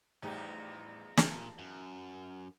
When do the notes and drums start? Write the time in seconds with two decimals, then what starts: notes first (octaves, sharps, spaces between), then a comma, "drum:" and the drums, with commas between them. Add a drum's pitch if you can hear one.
0.22 A1 E2 F3 G3 D#4 G4
1.17 A#2 A5, drum: snare
1.59 F#2